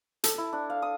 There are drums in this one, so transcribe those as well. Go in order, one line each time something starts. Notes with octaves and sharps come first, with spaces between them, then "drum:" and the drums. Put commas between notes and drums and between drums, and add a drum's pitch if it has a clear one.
A4, drum: hi-hat
E4
D4
F5
D#6